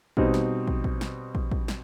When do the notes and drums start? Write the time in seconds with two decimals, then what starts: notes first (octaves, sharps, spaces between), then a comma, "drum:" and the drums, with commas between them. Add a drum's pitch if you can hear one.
0.17 B2 G3 C4 D#4, drum: kick
0.34 drum: snare
0.68 drum: kick
0.84 drum: kick
1.01 drum: snare
1.35 drum: kick
1.52 drum: kick
1.68 drum: snare